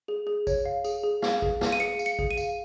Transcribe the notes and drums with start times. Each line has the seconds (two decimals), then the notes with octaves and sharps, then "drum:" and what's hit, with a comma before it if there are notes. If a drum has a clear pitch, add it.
0.08 G#4
0.27 G#4
0.47 C#5, drum: kick A1, tambourine
0.66 F5
0.84 G#4, drum: tambourine
1.03 G#4
1.22 F5, drum: snare
1.42 G#4, drum: kick A1
1.61 F5, drum: snare
1.72 D#7
1.80 G#4 C#7
1.99 F5, drum: tambourine
2.06 C#7
2.19 G#4, drum: kick A1
2.31 D#7
2.37 F5, drum: tambourine